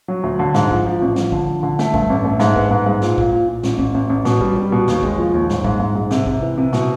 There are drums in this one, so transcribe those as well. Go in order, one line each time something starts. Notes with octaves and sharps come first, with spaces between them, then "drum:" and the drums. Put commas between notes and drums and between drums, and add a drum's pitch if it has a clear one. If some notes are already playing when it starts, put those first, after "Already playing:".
F#3
D2
D3
G#2, drum: snare
F3, drum: kick
F3
A1
F3, drum: snare
D3, drum: kick
F3
D3
A3, drum: snare
G2, drum: kick
A1
A3
G#2, drum: snare
B3, drum: kick
G#2
G#2
A#2, drum: snare
A#2, drum: kick
A#2
A#2
A1, drum: snare
A1, drum: kick
A1
A1
B2, drum: snare
G3, drum: kick
G3
B2
D#2, drum: snare
G#3, drum: kick
F3
D#2
G#2, drum: snare
G#2, drum: kick
G#2
G#2
C3, drum: snare
C3, drum: kick
E3
C3
B2, drum: snare